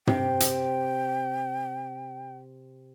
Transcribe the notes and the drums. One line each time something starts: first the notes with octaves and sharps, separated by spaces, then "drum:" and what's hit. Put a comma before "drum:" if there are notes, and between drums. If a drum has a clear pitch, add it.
C3 G5, drum: tom
drum: hi-hat